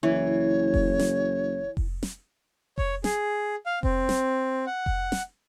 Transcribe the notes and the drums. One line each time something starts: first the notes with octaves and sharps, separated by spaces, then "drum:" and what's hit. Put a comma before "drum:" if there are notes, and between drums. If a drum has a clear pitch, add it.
F#1 E3 C#5
drum: kick F1
drum: snare
drum: kick F1
drum: snare
C#5, drum: kick F1
G#4, drum: snare
F5
C4, drum: kick F1
drum: snare
F#5
drum: kick F1
drum: snare